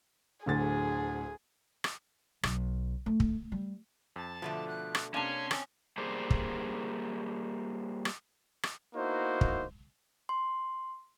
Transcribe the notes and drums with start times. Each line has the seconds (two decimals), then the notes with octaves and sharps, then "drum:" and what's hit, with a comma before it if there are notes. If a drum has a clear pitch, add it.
0.46 D1 D2 G#4 A6
1.84 drum: rim click
2.43 B1, drum: rim click
3.06 A3
3.20 drum: kick
3.52 G3
4.16 F2 A5
4.42 B2 D3 F3 A3
4.68 F#6
4.95 drum: rim click
5.14 C3 A#3 C#4 D4 A5 C6
5.51 C4 C#4, drum: rim click
5.98 G3 A#3 G#4 C5 D5
6.30 drum: kick
8.05 drum: rim click
8.63 drum: rim click
8.94 A#3 B3 D#4 E4 F#4 C5
9.41 drum: kick
10.29 C6